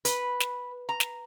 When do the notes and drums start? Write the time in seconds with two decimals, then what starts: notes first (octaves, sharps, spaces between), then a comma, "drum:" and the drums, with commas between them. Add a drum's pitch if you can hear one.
0.05 B4, drum: hi-hat
0.40 drum: snare
0.89 A#5
1.00 drum: snare